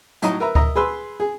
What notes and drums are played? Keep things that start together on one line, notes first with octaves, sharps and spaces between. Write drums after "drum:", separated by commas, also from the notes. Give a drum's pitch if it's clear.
A2 F#3 D#4 D#5 A#5, drum: hi-hat
A#4 B4 E5 A#5
A#4 D#5 E5 A#5, drum: kick D2
G#4 B4 C6 E6
G#4